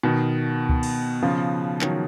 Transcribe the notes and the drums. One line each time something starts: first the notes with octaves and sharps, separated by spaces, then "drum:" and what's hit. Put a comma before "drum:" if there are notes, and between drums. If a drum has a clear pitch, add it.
B2 D#3
drum: kick C#2
drum: cymbal
C#3 F3
D#3 F#3, drum: clap